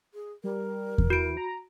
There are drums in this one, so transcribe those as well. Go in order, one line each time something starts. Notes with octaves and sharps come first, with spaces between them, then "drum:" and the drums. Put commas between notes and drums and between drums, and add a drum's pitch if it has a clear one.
G#4
G3 A#4
drum: kick E2
E3 F#4 D7
A#5